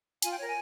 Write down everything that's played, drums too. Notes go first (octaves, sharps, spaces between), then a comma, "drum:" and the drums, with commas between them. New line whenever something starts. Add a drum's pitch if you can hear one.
F4 G#5, drum: hi-hat
G5
A#4 C#5
G#5